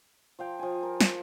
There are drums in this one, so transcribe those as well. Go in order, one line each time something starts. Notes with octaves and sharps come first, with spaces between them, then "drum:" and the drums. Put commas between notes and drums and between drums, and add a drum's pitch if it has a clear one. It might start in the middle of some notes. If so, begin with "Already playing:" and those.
F3 F5 G5
F3 G#5
A#4
drum: snare